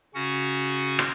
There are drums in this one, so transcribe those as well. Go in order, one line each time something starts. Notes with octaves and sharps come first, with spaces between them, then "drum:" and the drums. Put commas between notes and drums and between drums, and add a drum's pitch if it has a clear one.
C#3 C#4 F#4 F#5
drum: rim click